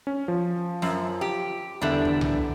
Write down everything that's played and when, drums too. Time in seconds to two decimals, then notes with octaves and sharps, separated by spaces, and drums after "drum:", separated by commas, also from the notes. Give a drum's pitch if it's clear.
0.07 C#4
0.28 F3
0.82 F#2, drum: snare
1.21 G4
1.82 E2 D3 G3 D4 E5
2.05 drum: kick
2.21 drum: tom C2